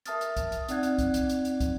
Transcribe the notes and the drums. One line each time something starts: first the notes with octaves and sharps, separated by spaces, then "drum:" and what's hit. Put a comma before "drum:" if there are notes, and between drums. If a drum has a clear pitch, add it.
A#4 E5 A5 D#6 F6 A6, drum: hi-hat
drum: hi-hat
drum: kick, hi-hat
drum: hi-hat
C4 D#4 D5 F#5 F#6 G#6, drum: hi-hat
drum: hi-hat
drum: kick, hi-hat
drum: hi-hat
drum: hi-hat
drum: hi-hat
drum: kick, hi-hat